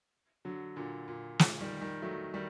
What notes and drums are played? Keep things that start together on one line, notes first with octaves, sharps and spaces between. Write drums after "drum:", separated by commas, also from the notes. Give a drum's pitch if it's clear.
D3 F#3
A#2 D3
A#2
A#2, drum: snare
D#3 G3
D#3 G3
F#3 A3
D#3 G3